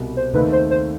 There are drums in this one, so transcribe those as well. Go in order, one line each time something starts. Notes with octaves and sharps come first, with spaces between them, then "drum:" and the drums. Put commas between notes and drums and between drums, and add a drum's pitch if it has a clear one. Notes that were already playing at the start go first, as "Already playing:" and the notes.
Already playing: C2 B2 G3
C5
D#2 D#3 A3 C4 D#4 B4, drum: tom C#3
C5
C5